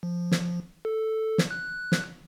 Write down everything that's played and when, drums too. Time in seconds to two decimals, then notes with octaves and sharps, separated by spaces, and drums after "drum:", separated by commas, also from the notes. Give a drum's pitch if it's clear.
0.03 F3
0.32 drum: snare
0.85 A4
1.38 drum: snare
1.51 F#6
1.92 drum: snare